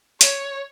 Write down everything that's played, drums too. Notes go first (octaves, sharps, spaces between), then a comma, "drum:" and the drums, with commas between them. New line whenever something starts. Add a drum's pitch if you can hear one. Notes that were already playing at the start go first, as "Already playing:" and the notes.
C#5, drum: hi-hat